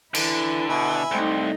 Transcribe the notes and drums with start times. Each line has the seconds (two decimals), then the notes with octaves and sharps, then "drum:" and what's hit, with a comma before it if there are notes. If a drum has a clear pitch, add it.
0.14 D3 E3 E4, drum: cymbal
0.69 B2 E5 G#5 B5
1.11 C2 A3 C4 D#4